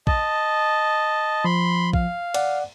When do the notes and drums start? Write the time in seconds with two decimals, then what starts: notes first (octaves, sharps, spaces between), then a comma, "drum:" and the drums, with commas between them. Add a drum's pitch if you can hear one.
0.07 D#5 A5, drum: kick
1.44 F3 B5 C6
1.93 F5, drum: kick
2.34 D5 F#5, drum: cymbal